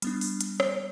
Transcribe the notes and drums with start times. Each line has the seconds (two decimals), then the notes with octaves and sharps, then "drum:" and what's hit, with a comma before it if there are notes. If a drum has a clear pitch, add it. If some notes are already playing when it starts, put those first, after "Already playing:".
0.02 G3 B3 D4, drum: hi-hat
0.21 drum: open hi-hat
0.41 drum: hi-hat
0.60 drum: rim click